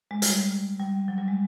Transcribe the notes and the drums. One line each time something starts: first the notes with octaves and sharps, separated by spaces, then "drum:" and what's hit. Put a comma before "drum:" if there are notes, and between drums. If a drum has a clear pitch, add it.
G#3
G3, drum: hi-hat
G3
F#3
G3
G#3